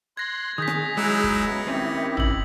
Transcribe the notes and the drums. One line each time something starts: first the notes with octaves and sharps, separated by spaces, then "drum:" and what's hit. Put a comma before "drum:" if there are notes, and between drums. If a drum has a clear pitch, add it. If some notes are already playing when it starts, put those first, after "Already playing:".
C6 F#6 G#6 A#6
D#3 G#4 D#6 G6 B6
drum: rim click
F#3 G#3 D#4 E4
drum: kick
C#3 F#3 B3
D#3 C4 C#4 E4 G4
E6 F#7, drum: tom